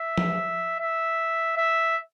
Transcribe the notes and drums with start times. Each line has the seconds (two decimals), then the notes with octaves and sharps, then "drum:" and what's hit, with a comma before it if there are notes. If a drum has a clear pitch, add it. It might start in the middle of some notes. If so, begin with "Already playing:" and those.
Already playing: E5
0.18 drum: tom F3
0.80 E5
1.57 E5